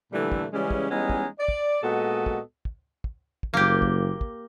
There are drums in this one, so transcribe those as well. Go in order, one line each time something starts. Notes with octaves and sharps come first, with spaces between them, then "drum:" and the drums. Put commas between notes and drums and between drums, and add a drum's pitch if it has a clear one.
A#2 D3 E3 G3 A3 E4
drum: kick
C#3 E3 G3 G#3 C#4
drum: kick
E3 G3 G#3 B3 C#4 D#4
drum: kick
D5
drum: kick
A#2 G#3 B3 F#4 A4 D#5
drum: kick
drum: kick
drum: kick
drum: kick
F#1 A#3 G4
drum: kick
drum: kick